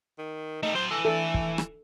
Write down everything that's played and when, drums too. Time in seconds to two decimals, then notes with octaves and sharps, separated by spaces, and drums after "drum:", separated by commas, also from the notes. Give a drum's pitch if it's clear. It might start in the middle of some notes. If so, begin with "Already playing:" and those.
0.18 D#3
0.63 G3 A3 D#4
0.75 F#3 C5 C6
0.91 E3 A4
1.05 A3 A4
1.34 drum: kick
1.58 drum: rim click